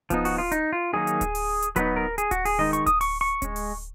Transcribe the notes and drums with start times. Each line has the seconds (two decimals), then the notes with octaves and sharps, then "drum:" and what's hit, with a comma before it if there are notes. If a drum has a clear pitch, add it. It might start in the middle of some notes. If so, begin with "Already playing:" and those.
0.10 F3 B3 D#4, drum: kick D1, hi-hat
0.25 F#4, drum: open hi-hat
0.38 F4
0.52 D#4, drum: hi-hat
0.73 F4
0.93 D#3 F#3 A#3 D#4 G#4
1.07 drum: hi-hat
1.21 drum: kick D1, hi-hat
1.35 drum: open hi-hat
1.62 drum: hi-hat
1.76 F#3 B3 D#4 B4, drum: kick D1, hi-hat
1.96 A#4
2.18 G#4, drum: hi-hat
2.31 F#4, drum: kick D1, hi-hat
2.45 G#4, drum: open hi-hat
2.59 D#3 G#3 D#4 D#5
2.73 C#6, drum: hi-hat
2.86 D#6, drum: kick D1, hi-hat
3.01 C#6, drum: open hi-hat
3.21 C#6
3.42 C#4, drum: kick D1, hi-hat
3.44 G#3
3.56 drum: open hi-hat